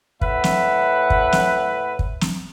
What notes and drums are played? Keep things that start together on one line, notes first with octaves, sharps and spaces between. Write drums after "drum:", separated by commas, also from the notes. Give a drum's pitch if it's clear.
A2 B4 E5 F#5, drum: kick
drum: snare
drum: kick
drum: snare
drum: kick
drum: snare